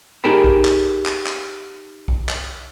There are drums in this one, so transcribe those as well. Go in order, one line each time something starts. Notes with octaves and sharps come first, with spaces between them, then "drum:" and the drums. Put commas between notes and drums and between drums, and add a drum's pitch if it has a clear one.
D#4 G4 G#4 A#4 A5 B5
drum: kick
drum: clap
drum: clap
drum: clap
drum: kick
drum: clap